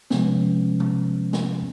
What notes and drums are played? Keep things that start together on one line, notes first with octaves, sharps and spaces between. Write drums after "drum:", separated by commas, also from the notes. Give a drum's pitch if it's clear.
C3 F3 G#3 B3 C#4, drum: snare
drum: tom C3
drum: snare